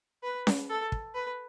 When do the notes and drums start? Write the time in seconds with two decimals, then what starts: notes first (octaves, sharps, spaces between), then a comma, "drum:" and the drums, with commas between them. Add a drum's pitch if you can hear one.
0.24 B4
0.47 drum: snare C#4
0.70 A4
0.92 drum: kick
1.15 B4